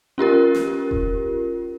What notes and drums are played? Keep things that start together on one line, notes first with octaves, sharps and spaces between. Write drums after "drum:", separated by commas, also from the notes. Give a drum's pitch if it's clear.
C#4 F4 G4 A#4
drum: snare
drum: kick E1